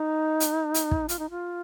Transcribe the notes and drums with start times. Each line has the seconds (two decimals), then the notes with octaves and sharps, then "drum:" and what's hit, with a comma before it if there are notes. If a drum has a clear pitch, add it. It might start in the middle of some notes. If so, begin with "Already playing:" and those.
Already playing: D#4
0.40 drum: hi-hat
0.74 drum: hi-hat
0.91 drum: kick
1.09 F4, drum: hi-hat
1.19 D#4
1.30 F4